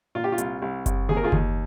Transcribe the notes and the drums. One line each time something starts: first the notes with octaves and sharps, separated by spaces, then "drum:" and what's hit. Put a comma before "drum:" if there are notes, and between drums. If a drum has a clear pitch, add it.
A#2 F4
G4
F4
C2, drum: hi-hat
C2
C2, drum: kick F#1, hi-hat
D#2 G#4
A#4
F4 G#4
D#2, drum: kick F#1